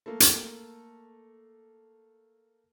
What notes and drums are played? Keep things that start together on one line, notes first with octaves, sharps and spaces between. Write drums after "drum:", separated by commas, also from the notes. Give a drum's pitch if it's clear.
A3 A#3
drum: hi-hat